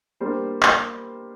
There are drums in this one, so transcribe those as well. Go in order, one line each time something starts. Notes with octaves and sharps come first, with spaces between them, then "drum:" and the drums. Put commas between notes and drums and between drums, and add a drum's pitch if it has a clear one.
G3 A#3 D4 G4 C5
drum: clap